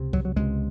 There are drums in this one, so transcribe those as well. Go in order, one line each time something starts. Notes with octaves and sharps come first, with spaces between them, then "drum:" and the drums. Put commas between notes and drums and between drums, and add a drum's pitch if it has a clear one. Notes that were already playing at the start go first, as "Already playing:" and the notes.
Already playing: C#2 C3
F#3, drum: kick C2
F#3
C#2 C3 G#3